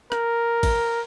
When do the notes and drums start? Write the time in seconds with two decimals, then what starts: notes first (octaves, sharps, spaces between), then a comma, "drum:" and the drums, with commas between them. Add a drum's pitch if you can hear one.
0.12 A#4, drum: rim click
0.63 drum: kick, cymbal